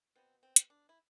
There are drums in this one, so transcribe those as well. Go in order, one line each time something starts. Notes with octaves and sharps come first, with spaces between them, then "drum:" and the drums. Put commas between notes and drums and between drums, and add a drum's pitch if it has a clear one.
B2 B3 C4
C4
drum: hi-hat
D4
E4